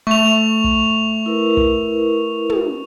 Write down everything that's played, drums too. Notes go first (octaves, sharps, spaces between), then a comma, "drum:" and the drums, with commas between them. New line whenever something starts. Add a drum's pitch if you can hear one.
A3 C#6 F7
drum: kick
E4 A#4 B4
drum: kick
drum: tom